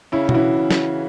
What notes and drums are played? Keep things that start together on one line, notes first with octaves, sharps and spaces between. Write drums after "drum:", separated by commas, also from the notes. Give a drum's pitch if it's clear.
C#3 C#4 E4
F#4, drum: tom B2
E3 C#4 E4
drum: snare